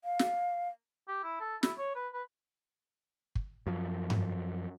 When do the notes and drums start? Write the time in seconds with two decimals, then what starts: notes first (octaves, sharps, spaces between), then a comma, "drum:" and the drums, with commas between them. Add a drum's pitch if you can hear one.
0.04 F5
0.19 drum: snare
1.08 G4
1.24 E4
1.40 A4
1.63 E4, drum: snare
1.78 C#5
1.95 B4
2.13 B4
3.35 drum: kick
3.66 F#2 F3
4.10 drum: tom G2